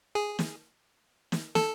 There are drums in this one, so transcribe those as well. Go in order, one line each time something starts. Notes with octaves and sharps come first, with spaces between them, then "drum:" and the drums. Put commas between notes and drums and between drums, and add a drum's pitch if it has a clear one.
G#4
drum: snare
drum: snare
A4, drum: snare